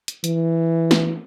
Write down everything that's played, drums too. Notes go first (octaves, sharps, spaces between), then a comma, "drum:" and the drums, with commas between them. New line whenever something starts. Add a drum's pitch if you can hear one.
drum: hi-hat
E3, drum: hi-hat
drum: snare